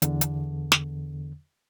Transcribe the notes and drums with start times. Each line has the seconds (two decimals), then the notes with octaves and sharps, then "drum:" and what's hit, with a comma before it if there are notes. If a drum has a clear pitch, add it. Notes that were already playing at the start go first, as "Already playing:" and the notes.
0.02 E2 D3, drum: hi-hat
0.21 drum: hi-hat
0.72 drum: snare